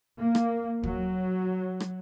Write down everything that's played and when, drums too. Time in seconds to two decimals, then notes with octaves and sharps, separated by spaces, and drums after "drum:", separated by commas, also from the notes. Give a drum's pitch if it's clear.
0.19 A#3
0.35 drum: rim click
0.83 F#3, drum: kick
1.80 drum: rim click